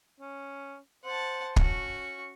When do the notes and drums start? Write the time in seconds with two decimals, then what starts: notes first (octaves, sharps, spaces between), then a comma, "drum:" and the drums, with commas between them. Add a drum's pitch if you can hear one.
0.20 C#4
1.05 C5 F#5 A5
1.56 C#4 F#4 C#6, drum: kick